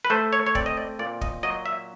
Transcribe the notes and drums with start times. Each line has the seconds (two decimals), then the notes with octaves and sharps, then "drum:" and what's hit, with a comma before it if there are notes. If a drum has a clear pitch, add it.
0.05 B4
0.10 A3 C5
0.33 C#5
0.46 C#5
0.55 C4 D5, drum: kick
0.66 D#5
0.77 D5
0.99 A#2 D5
1.21 D#5, drum: kick
1.43 F#3 D#5
1.66 E5